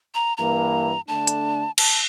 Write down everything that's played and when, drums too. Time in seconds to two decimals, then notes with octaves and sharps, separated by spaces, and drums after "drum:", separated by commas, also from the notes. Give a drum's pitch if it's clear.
0.15 A#5
0.37 G2 E3 A#3 A#5
1.08 D3 A3 D4 A5
1.27 drum: hi-hat
1.78 A5, drum: cymbal